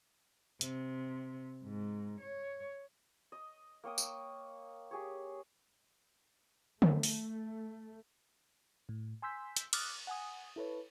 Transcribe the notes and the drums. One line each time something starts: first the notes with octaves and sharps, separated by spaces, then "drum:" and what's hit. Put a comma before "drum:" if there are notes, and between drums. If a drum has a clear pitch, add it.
C3, drum: hi-hat
G#2
C#5
D#5
A#3 C#5 G5 D#6
drum: tambourine
G4 G#4 C#5
A3, drum: tom D3
drum: open hi-hat
A2
G#5 C6 E6 G6 B6
drum: hi-hat
D6 D#6 F6 F#6 A6, drum: cymbal
F#5 G#5 D#6
E4 A4 B4 C#5